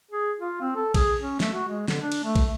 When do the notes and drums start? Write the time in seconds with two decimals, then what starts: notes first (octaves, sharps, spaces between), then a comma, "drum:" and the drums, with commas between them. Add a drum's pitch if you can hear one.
0.11 G#4
0.40 F4
0.61 C4
0.75 A4
0.94 G#4, drum: kick, cymbal
1.21 C#4
1.40 A3, drum: snare
1.53 F#4
1.68 G#3
1.88 D3, drum: snare
2.01 D4
2.12 drum: cymbal
2.24 A3
2.35 drum: kick, cymbal